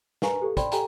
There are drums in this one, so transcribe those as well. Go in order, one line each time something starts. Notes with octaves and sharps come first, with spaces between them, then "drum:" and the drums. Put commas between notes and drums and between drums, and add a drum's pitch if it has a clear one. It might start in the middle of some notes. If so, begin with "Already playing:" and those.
A#4 B4 F5 G#5 A#5 C#6, drum: snare
G4 A4
C5 D5 G5 B5 C6, drum: kick, hi-hat
G4 A4 G5 G#5 A#5, drum: hi-hat